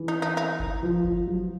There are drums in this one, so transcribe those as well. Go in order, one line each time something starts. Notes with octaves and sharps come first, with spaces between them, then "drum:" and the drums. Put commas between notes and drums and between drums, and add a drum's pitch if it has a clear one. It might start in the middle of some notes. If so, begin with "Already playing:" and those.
Already playing: E3
D#4
D#4
D#4
drum: kick G1
F3
drum: kick G1
F#3